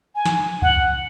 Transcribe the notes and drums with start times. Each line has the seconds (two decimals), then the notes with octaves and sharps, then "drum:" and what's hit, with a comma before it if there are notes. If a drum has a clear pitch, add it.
0.15 G#5
0.26 drum: snare
0.62 F#5, drum: kick C#2